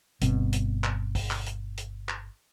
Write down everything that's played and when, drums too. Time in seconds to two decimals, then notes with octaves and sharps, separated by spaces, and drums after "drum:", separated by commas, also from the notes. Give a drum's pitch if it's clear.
0.21 G1 B2 C4, drum: hi-hat
0.53 drum: hi-hat
0.84 drum: clap
1.15 drum: kick, open hi-hat
1.31 drum: clap
1.46 drum: hi-hat
1.77 drum: hi-hat
2.09 drum: clap